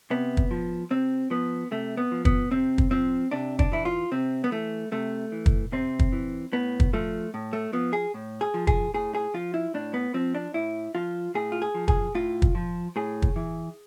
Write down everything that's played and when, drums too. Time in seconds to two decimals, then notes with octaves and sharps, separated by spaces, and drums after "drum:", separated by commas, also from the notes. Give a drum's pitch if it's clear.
0.10 C3 B3
0.37 drum: kick
0.51 F3
0.91 C3 C4
1.30 F3 B3
1.71 C3 A3
1.97 B3
2.11 F3
2.25 B3, drum: kick
2.51 C3 C4
2.78 drum: kick
2.91 F3 C4
3.31 C3 D4
3.59 D4, drum: kick
3.72 E3 E4
3.85 F4
4.11 C3 C4
4.44 B3
4.51 E3 A3
4.92 C3 A3
5.32 E3
5.46 drum: kick
5.72 C3 C4
5.99 drum: kick
6.12 E3
6.52 A2 B3
6.80 drum: kick
6.93 F3 A3
7.34 A2
7.53 A3
7.73 F3 B3
7.93 G#4
8.14 A2
8.41 G#4
8.54 F3
8.67 G#4, drum: kick
8.94 A2 G#4
9.15 G#4
9.34 F3 F4
9.54 E4
9.74 A2 D4
9.94 B3
10.14 F3 C4
10.35 D4
10.54 A2 E4
10.95 F3 F4
11.35 A2 G#4
11.52 F4
11.62 G#4
11.74 F3
11.88 G#4, drum: kick
12.15 A2 F4
12.42 drum: kick
12.55 F3
12.96 A2 G#4
13.22 drum: kick
13.36 E3